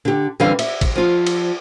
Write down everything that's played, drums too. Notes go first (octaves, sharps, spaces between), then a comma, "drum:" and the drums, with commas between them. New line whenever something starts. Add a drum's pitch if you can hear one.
D3 G4
D3 E3 G3 C4 F5
E5, drum: cymbal
drum: kick A1, cymbal
F3 F4
drum: cymbal